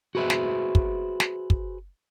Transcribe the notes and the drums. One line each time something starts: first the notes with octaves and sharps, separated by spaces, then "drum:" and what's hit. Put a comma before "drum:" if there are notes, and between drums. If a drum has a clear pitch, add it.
F#4 G#4 B4 C5 E5
drum: snare
drum: kick
drum: snare
drum: kick